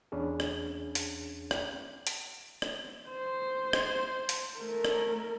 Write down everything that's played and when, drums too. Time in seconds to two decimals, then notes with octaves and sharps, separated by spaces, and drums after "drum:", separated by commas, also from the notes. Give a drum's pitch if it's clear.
0.12 E2 C#4 D4 G#4
0.40 drum: rim click
0.95 drum: hi-hat
1.51 drum: rim click
2.07 drum: hi-hat
2.62 drum: rim click
3.10 C5
3.73 drum: rim click
4.29 drum: hi-hat
4.58 A3 A#4
4.85 drum: rim click